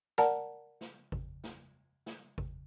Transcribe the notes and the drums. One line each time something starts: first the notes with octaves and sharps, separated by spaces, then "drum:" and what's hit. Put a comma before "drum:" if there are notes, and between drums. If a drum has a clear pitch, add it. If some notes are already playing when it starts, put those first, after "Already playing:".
A#4 D5 F#5 A5 A#5, drum: snare
drum: snare
drum: kick G#1
drum: snare
drum: snare
drum: kick G#1